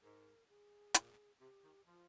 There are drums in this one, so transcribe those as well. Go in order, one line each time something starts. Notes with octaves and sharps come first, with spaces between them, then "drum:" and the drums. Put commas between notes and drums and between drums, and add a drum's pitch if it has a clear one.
G#2 A#4
G#4
A#2, drum: hi-hat
C3 G4
D#3
F3 F4